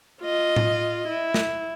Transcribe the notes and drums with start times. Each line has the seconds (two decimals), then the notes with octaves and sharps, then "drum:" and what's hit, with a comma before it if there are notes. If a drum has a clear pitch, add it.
0.22 F4 D#5
0.56 drum: tom A2
1.08 E4
1.34 drum: snare